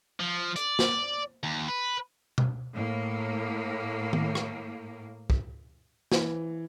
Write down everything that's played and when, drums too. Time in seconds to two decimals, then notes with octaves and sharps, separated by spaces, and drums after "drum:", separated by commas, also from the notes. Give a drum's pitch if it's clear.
0.20 F3
0.56 D5, drum: hi-hat
0.79 drum: snare
1.44 D#2
1.68 B4
2.38 drum: tom B2
2.73 A2 A#3
4.13 drum: tom D#3
4.35 drum: rim click
5.30 drum: kick
6.12 E3, drum: snare